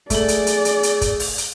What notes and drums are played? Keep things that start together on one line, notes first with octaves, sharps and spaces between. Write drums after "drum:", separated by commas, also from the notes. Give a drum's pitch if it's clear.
A3 G#4 D5 F#7, drum: kick, hi-hat
drum: hi-hat
drum: hi-hat
drum: hi-hat
drum: hi-hat
drum: kick, hi-hat
drum: open hi-hat
drum: hi-hat